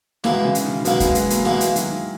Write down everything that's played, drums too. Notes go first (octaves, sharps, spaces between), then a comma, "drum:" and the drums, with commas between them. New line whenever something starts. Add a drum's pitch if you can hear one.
B2 E3 G#3 A#3 E4, drum: snare
C#3 E3
drum: hi-hat
B2 D#3
B2 D#3 F#3 A#3 E4, drum: hi-hat
G#3 B3, drum: kick, hi-hat
G#3 B3, drum: hi-hat
F#3 A#3, drum: hi-hat
B2 E3 G#3 A#3 E4, drum: snare
drum: hi-hat
D#3 F#3, drum: hi-hat